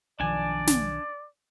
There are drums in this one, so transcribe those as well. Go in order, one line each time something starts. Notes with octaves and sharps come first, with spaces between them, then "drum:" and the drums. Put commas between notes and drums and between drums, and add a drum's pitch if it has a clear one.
B1 D#3 F3 D4 D5 G#5
drum: snare